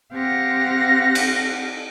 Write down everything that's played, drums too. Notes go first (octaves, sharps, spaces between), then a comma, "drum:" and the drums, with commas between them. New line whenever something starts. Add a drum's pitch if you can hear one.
C4 G4 F5 F#5 A#6
drum: cymbal